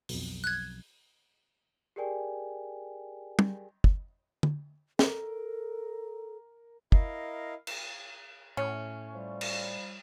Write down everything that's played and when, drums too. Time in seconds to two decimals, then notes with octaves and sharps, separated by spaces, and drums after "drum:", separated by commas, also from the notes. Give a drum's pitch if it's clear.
0.09 B1 F2, drum: open hi-hat
0.44 F#6 G#6
1.96 G4 G#4 A#4 D5 G5 G#5
3.39 drum: tom
3.84 drum: kick
4.43 drum: tom
4.99 A4 A#4, drum: snare
6.92 E4 A#4 D#5 F5, drum: kick
7.67 drum: cymbal
8.57 A2 C#4
9.14 F3 G3
9.41 drum: cymbal